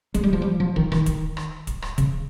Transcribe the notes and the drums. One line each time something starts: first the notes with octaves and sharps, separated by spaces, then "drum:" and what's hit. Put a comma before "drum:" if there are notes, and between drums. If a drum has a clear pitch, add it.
G#3, drum: kick, hi-hat
G3
F3
G3
F3
D#3, drum: kick
D#3, drum: rim click
drum: kick, hi-hat
drum: rim click
drum: kick, hi-hat
drum: rim click
C#3, drum: kick, hi-hat